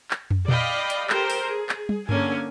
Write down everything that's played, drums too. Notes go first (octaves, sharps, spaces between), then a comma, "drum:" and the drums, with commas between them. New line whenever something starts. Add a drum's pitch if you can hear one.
drum: clap
drum: tom
D5 D#5 F5 G5 B5, drum: tom A#2
drum: hi-hat
G4 A4 A#4 C5, drum: clap
drum: open hi-hat
G#4
drum: clap
drum: tom
D3 A#3 C#4 G#5, drum: tom G2